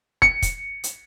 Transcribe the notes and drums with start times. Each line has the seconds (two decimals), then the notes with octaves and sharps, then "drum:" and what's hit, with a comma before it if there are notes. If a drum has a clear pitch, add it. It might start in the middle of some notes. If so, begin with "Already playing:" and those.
0.22 C#7, drum: kick
0.42 drum: kick, hi-hat
0.84 drum: hi-hat